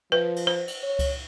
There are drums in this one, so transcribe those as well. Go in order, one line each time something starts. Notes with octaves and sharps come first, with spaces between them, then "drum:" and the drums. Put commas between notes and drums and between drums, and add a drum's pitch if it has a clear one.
F3 B4
drum: cymbal
C5
drum: cymbal
C#5
drum: kick C#2, cymbal